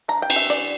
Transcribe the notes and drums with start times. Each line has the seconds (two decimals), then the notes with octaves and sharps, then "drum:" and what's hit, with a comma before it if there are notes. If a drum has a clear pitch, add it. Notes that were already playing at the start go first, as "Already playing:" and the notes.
0.08 D4 A#5
0.22 G5
0.30 E3, drum: cymbal
0.36 E5
0.49 E3 D5